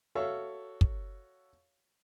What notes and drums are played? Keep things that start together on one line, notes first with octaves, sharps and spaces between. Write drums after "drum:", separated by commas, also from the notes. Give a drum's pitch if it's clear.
F#4 A4 C#5 E5 F5
drum: kick